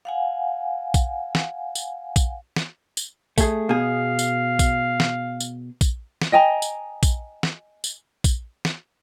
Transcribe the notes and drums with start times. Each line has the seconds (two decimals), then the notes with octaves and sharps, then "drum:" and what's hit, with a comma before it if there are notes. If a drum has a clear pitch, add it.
0.05 F5 F#5 G#5
0.94 drum: kick A#1, tambourine
1.35 drum: snare
1.75 drum: tambourine
2.16 drum: kick A#1, tambourine
2.56 drum: snare
2.97 drum: tambourine
3.38 A3 G#4, drum: kick A#1, tambourine
3.69 B2 G#4 F5
4.19 drum: tambourine
4.59 drum: kick A#1, tambourine
5.00 drum: snare
5.40 drum: tambourine
5.81 drum: kick A#1, tambourine
6.22 drum: snare
6.32 D#5 G5 G#5 A#5
6.62 drum: tambourine
7.03 drum: kick A#1, tambourine
7.43 drum: snare
7.84 drum: tambourine
8.24 drum: kick A#1, tambourine
8.65 drum: snare